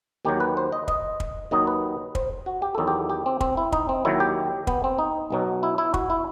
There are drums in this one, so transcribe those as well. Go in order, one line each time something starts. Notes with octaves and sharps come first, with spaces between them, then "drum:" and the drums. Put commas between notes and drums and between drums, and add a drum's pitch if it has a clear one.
D#2 D#3 F#3 G4
B4
C5
D#5
D#5, drum: kick
drum: kick
D#2 D#3 F#3 D#5
B4
C5, drum: kick
F#4
G4
E2 D#3 F#3 A4
G4
G4
C4
C4, drum: kick
E4
D#4, drum: kick
C4
D#2 D#3 F#3 E4
G4
B3, drum: kick
C4
D#4
B1 B2 F#3
E4
E4
F#4, drum: kick
E4